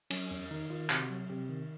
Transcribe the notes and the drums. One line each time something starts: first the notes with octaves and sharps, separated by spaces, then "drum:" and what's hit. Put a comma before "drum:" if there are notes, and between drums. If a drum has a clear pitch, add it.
F#3 C#4, drum: cymbal
E2 C#4
D#3 D#4
D#3 F4
C3 F#4, drum: clap
F#3
C3 G4
D#3